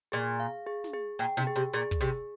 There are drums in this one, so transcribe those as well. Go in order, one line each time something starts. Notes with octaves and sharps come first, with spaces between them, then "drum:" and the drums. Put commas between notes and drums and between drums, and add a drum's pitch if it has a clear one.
A#2 G#4, drum: hi-hat
F5
G#4
drum: snare
G#4
A#2 G5, drum: hi-hat
C3, drum: snare
G#4
C3, drum: hi-hat
A#2 G#4
drum: kick, hi-hat
C3 G#4